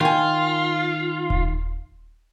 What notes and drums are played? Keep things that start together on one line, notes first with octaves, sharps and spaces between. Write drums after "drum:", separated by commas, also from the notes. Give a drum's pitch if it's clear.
D#3 F4 G#5
drum: kick D#1